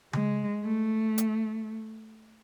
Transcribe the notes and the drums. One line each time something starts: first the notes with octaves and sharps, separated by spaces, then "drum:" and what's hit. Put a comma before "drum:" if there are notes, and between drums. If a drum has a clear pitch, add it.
G#3, drum: tom C#3
A3
drum: hi-hat